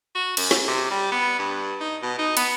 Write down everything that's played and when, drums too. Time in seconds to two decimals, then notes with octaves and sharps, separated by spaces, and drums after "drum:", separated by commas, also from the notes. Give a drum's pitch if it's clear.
0.16 F#4
0.37 F#2, drum: cymbal
0.51 drum: snare
0.68 C3
0.91 G3
1.12 B3
1.39 G2
1.80 D#4
2.02 B2
2.18 D#4
2.37 B3, drum: cymbal